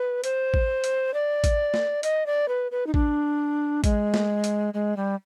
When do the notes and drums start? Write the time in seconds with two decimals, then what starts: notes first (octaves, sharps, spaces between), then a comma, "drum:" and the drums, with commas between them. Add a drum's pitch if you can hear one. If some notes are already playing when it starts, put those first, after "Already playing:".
Already playing: B4
0.24 C5, drum: hi-hat
0.54 drum: kick A1
0.84 drum: hi-hat
1.14 D5
1.44 drum: kick A1, hi-hat
1.74 drum: snare
2.03 D#5, drum: hi-hat
2.26 D5
2.48 B4
2.71 B4
2.87 D#4
2.94 D4, drum: kick A1
3.84 G#3, drum: kick A1, hi-hat
4.14 drum: snare
4.44 drum: hi-hat
4.74 G#3
4.97 G3